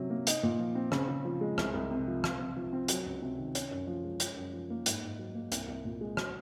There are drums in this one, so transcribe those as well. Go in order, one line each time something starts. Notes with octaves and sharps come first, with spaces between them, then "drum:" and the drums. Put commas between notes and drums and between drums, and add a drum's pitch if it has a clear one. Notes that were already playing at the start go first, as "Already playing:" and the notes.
Already playing: C3 F#3 C#4
A#3
D#4, drum: hi-hat
A#2
F3
C4
C#3, drum: rim click
C#3
F3
G#3
C2, drum: rim click
C2
C3
F3
F4, drum: rim click
C3
F3
C4
F#3, drum: hi-hat
C#2
C3
D#3
C#4, drum: hi-hat
F#2
F3
G#3
C#4, drum: hi-hat
F#2
F3
A#3
G#2, drum: hi-hat
G#2
F#3
A#3
C2, drum: hi-hat
C2
A#2
G#3
F#4, drum: rim click